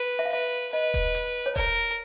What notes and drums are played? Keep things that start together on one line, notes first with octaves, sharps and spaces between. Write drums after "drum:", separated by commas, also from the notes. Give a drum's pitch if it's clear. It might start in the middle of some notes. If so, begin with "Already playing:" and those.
Already playing: B4
E5
F5
B4 E5
B4 D#5
drum: kick D#1, hi-hat
drum: hi-hat
C#5
A#4 D5, drum: kick D#1, hi-hat